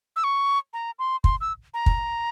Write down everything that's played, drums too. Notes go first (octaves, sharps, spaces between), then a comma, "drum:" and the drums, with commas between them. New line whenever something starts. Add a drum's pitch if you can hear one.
E6
C#6
A#5
C6
C6, drum: kick
E6
A#5
drum: kick